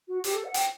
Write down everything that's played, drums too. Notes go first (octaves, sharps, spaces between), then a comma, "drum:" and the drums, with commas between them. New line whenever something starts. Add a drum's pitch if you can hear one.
F#4
G4, drum: hi-hat
A4
F#5
G5, drum: hi-hat